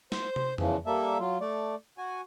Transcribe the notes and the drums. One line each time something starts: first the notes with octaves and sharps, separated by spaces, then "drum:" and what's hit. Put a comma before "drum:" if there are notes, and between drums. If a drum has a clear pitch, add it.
C5, drum: snare
drum: tom
E2 C#3 E3 F3, drum: tom F2
G3 A#3 A4 E5
F#3 F4
A3 D5
F#4 G#5